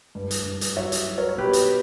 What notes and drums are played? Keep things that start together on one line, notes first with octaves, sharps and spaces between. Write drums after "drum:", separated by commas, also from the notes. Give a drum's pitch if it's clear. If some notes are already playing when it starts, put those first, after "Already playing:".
G2
drum: hi-hat
G2
drum: hi-hat
F#3 C#5 E5
drum: hi-hat
F#3
A#4 C#5
C#5
B2 G4 B4
drum: hi-hat